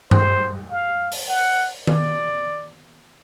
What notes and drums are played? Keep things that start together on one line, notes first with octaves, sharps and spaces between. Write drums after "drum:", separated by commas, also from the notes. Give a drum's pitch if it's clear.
C5, drum: tom G2
F5
drum: open hi-hat
F#5
D5, drum: tom D#3